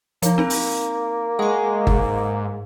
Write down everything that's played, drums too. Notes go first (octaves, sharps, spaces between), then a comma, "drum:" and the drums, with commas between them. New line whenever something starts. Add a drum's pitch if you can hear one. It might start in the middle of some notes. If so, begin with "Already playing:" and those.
F3 A#3 D#4, drum: hi-hat
C4 D#4 A#4
drum: open hi-hat
G#3 F#5 C#6
G#2, drum: kick G1